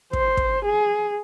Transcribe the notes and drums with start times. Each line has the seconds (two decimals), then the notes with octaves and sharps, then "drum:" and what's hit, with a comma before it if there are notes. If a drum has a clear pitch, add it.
0.13 C5, drum: kick
0.37 drum: kick
0.65 G#4